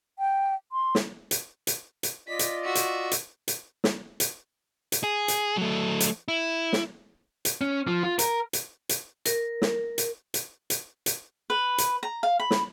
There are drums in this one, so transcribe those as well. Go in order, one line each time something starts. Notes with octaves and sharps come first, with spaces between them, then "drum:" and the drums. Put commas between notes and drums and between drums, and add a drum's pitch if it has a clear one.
G5
C6
drum: snare
drum: hi-hat
drum: hi-hat
drum: hi-hat
F4 D5 D#5 B6
drum: hi-hat
F#4 E5
drum: hi-hat
drum: hi-hat
drum: hi-hat
drum: snare
drum: hi-hat
drum: hi-hat
G#4
drum: hi-hat
F#3 A3
drum: hi-hat
E4
drum: snare
drum: hi-hat
C#4
F3
F4
A#4, drum: hi-hat
drum: hi-hat
drum: hi-hat
A#4, drum: hi-hat
drum: snare
drum: hi-hat
drum: hi-hat
drum: hi-hat
drum: hi-hat
B4
drum: hi-hat
A#5
F5
B5
drum: snare